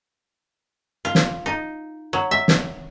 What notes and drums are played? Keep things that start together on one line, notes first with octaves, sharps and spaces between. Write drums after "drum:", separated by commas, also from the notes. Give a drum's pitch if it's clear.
F4
drum: snare
D#4
F#3
E5
drum: snare